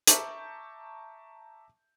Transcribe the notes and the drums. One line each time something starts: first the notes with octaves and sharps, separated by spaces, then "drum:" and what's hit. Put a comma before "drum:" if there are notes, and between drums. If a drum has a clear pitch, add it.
E5 A5 A#5 C#6 D6 G6, drum: hi-hat